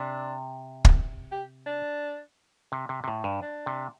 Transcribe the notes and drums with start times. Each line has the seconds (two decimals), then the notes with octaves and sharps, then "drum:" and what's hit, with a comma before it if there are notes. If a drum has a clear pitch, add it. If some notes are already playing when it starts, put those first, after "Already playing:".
Already playing: C3 D4
0.85 drum: kick
1.31 G4
1.66 D4
2.72 C3
2.89 C3
3.04 C3
3.08 A2
3.24 G2
3.42 D4
3.66 C3